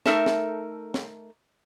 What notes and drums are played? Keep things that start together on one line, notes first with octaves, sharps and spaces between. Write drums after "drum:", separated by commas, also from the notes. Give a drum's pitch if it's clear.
A3 D#4 A4 A#4 E5 A5, drum: snare
drum: snare
drum: snare